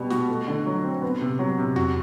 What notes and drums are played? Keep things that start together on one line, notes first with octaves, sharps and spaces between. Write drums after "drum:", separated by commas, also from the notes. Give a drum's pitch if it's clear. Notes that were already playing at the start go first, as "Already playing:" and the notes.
Already playing: B2 G3 B3
F#4, drum: snare
A3
D3
F#3
C4
B3
C3
F#3
C3
F#4, drum: tom E2